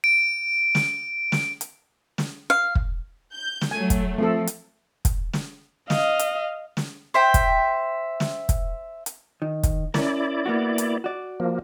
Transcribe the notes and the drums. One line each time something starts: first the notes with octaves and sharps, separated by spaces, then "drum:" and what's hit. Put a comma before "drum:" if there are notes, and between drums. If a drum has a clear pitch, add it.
D7
drum: snare
drum: snare
drum: hi-hat
drum: snare
F5
drum: kick
G6
drum: snare
F#3 A3 G#5
drum: kick, hi-hat
F3 A3 C4 A4
drum: hi-hat
drum: kick, hi-hat
drum: snare
D#5 F5, drum: snare
drum: hi-hat
drum: snare
C5 E5 G5
drum: kick, hi-hat
drum: snare
drum: kick, hi-hat
drum: hi-hat
D#3
drum: kick, hi-hat
C#4 E4 A#4 D5, drum: snare
A#3 B3 F#4
drum: hi-hat
F#4 D5
F3 A#3